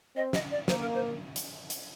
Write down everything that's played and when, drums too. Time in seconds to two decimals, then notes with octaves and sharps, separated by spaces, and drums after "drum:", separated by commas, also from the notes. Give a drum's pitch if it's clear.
0.16 C4 D#5
0.33 D#5, drum: snare
0.50 D5
0.68 A#3 C5, drum: snare
0.81 A#4
0.94 C5
1.36 drum: hi-hat
1.70 drum: hi-hat